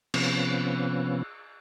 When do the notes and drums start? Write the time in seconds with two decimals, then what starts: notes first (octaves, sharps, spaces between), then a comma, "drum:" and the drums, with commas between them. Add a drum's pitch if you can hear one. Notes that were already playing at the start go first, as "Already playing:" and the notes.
0.14 C3 F3 B3 C#4, drum: cymbal